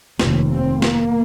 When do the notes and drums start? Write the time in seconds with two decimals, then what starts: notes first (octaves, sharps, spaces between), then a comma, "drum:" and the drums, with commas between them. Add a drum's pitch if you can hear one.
0.19 F1 D#2, drum: snare
0.52 C4
0.82 A#3, drum: snare